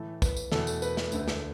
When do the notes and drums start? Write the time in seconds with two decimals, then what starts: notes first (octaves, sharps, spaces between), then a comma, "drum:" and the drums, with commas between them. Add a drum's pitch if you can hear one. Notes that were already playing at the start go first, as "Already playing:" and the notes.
Already playing: A2 E3 A3 A4
0.22 B4, drum: kick, tambourine
0.37 drum: tambourine
0.52 E2 B2 A3 A4, drum: snare
0.67 drum: tambourine
0.82 B4, drum: tambourine
0.97 drum: snare
1.12 D2 D3 A3, drum: tambourine
1.28 drum: snare